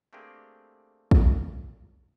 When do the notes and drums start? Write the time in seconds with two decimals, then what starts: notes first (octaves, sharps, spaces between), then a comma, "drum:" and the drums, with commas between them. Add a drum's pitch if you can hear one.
0.13 A3 A#3 C4 D4 G4 G#4
1.11 drum: kick A#1